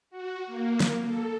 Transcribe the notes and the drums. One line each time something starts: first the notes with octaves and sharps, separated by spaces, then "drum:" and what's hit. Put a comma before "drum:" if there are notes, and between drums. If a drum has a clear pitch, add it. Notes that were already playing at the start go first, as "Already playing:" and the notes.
F#4
A#3
drum: snare
A4